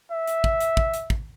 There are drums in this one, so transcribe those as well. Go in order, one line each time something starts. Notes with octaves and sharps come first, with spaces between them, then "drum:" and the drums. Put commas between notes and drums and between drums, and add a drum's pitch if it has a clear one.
E5
drum: hi-hat
drum: kick
drum: hi-hat
drum: kick
drum: hi-hat
drum: kick